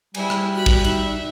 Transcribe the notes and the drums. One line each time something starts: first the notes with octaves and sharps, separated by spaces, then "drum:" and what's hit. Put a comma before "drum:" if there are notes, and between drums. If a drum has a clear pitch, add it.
G3 E4 G#4, drum: cymbal
drum: rim click
F#4 B5 F#6
drum: kick
D#4 E5, drum: cymbal